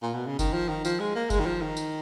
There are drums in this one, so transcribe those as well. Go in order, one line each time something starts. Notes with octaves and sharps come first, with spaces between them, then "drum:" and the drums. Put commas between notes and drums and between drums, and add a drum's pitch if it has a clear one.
A#2
B2
C#3
D#3, drum: kick F#1, tambourine
F3
D#3
F3, drum: tambourine
G#3
A#3
G#3, drum: kick F#1, tambourine
D#3
F3
D#3
drum: tambourine